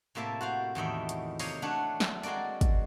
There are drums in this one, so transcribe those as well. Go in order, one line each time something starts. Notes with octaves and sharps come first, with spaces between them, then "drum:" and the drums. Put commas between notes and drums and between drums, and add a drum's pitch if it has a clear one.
A2 C3 A#3 E5 A5
F#4 C5 F5
E2 A2 D#3 E5
drum: hi-hat
C3 A#3 C5 C#5 D#5 F5, drum: open hi-hat
A3 D4 C#5 F#5
drum: snare
G#3 C4 F#4 A#4 D5
drum: kick, hi-hat